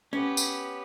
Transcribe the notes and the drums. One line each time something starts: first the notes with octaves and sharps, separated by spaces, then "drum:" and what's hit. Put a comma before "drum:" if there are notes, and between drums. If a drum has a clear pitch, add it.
B3 C#4 G4
drum: tambourine